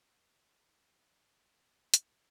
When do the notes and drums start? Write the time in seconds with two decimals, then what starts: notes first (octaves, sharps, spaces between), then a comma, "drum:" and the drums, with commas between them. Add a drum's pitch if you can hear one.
0.17 G#3
0.76 G3
1.00 G#3
1.05 G3
1.35 D#3
1.49 D#3
1.94 C3, drum: hi-hat